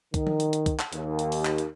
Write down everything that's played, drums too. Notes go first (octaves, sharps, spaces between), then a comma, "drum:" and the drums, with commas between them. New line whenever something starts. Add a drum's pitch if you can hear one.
D#3, drum: kick, hi-hat
drum: tom F3
drum: hi-hat
drum: hi-hat
drum: kick, hi-hat
drum: clap
D#2, drum: hi-hat
drum: hi-hat
drum: open hi-hat
drum: clap
drum: hi-hat